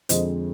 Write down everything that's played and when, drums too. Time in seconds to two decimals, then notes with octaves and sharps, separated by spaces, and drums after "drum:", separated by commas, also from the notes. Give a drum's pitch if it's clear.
0.09 F2 D3 G#3 C4 C5 D#5, drum: hi-hat